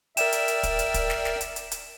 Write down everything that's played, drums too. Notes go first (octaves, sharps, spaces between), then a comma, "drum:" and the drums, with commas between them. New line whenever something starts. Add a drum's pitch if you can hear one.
A#4 D5 E5 G5 E7, drum: hi-hat
drum: hi-hat
drum: hi-hat
drum: kick, hi-hat
drum: hi-hat
drum: kick, hi-hat
drum: snare
drum: snare
drum: hi-hat
drum: hi-hat
drum: hi-hat